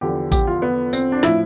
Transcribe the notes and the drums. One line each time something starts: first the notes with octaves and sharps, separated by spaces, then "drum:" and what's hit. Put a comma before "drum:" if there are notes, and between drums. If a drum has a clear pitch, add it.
E2 D3 F3 G4
G4, drum: kick A1, tambourine
F4
B3
C4, drum: tambourine
D4
A2 F3 E4, drum: snare